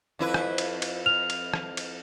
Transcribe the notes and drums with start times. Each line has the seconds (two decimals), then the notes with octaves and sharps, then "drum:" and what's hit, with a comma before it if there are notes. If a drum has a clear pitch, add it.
0.19 F2 E4 B4
0.34 drum: rim click
0.58 drum: cymbal
0.82 drum: cymbal
1.06 F6 F7
1.30 drum: cymbal
1.54 drum: rim click
1.77 drum: cymbal